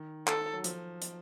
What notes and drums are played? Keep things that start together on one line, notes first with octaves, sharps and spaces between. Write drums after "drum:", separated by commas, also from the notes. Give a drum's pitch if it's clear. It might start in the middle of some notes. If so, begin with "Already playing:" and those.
Already playing: D#3
A4, drum: clap
F#3
F3, drum: hi-hat
drum: hi-hat